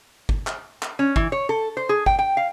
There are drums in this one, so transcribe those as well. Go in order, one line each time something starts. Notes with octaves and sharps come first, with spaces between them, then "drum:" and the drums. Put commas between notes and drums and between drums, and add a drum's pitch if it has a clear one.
drum: kick
drum: clap
drum: clap
C#4
E3, drum: kick
C#5
A4
C5
G#4
G5, drum: kick
G5
F5